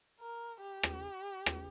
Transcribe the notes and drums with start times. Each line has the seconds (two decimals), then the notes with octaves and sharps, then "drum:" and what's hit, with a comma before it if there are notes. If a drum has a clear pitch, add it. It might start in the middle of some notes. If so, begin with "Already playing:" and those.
0.20 A#4
0.63 G4
0.83 drum: rim click
1.46 drum: rim click